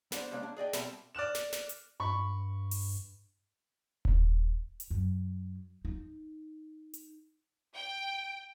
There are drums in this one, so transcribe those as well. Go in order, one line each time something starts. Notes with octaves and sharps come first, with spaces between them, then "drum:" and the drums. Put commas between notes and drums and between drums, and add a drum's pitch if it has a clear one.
B3 D4 C5, drum: snare
G3 G#3 A#3 C#4 D4
D4
G#4 D5 D#5 G5
B2 G3 C4 E5 A5 B5, drum: snare
D5 F6 F#6 E7
drum: snare
drum: snare
drum: hi-hat
G2 B5 C#6
drum: open hi-hat
drum: kick D#1
drum: hi-hat
F#2
D#4
drum: hi-hat
G5